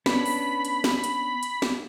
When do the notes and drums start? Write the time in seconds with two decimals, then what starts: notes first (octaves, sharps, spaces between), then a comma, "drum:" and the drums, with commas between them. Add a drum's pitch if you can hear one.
0.06 B3 C#4 D4 B5, drum: snare
0.26 drum: open hi-hat
0.65 drum: hi-hat
0.84 drum: snare
1.04 drum: hi-hat
1.43 drum: hi-hat
1.62 drum: snare